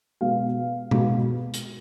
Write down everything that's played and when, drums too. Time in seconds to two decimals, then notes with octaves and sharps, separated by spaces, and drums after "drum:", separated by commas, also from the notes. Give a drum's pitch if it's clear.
0.21 B2 G#3 B3 F5
0.91 B2 G#3 B3, drum: tom B2
1.54 drum: hi-hat